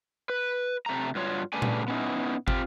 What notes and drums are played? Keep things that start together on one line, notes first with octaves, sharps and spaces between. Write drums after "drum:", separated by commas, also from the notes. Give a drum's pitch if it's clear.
B4
C3 A3 A#5
G2 F#3 F4 C#5
G2 C#3 A3 B4 D5 G#5
drum: tom A#2
B3 C#4 D#4 E4
C4 F4 G4, drum: kick